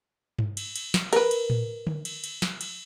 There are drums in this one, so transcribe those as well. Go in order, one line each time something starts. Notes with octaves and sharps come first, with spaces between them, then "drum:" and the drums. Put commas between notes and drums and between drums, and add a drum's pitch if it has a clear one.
drum: tom G2
drum: cymbal
drum: cymbal
drum: snare
A#4 B4, drum: cymbal
drum: cymbal
drum: tom A2
drum: tom D3
drum: cymbal
drum: cymbal
drum: snare
drum: cymbal